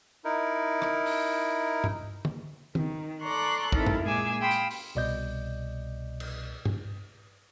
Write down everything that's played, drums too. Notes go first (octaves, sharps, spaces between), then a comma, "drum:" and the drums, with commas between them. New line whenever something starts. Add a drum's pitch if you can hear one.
D#4 E4 A#4
drum: rim click
drum: open hi-hat
drum: tom G2
drum: tom
D#3, drum: tom D#3
A4 D5 A#5 C6 C#6 F#6
C4 D#4 E4 A4 A#4, drum: kick
drum: tom F#2
A#2 G#3 G#4 G#5 D6 E6
F5 G5 B5 C6 D#6 E6
drum: hi-hat
drum: open hi-hat
C2 B2 D5 D#5 G6
drum: cymbal
drum: tom G2